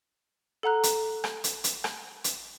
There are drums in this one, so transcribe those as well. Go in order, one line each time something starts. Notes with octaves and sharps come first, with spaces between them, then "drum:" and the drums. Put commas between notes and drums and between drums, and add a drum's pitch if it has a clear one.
A4 F#5 A#5 F#6
drum: hi-hat
drum: rim click
drum: hi-hat
drum: hi-hat
drum: rim click
drum: hi-hat